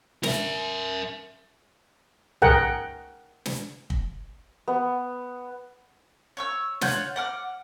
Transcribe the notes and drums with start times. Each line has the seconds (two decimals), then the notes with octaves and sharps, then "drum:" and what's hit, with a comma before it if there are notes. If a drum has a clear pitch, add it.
0.23 A#4 E5, drum: snare
2.42 G#4 A#4 F#5 G5, drum: tom
3.46 drum: snare
3.90 drum: kick
4.68 B3
6.37 C#5 C#6 E6
6.81 F4 C#5 F#5 G6, drum: snare
7.16 F#5 D6 F6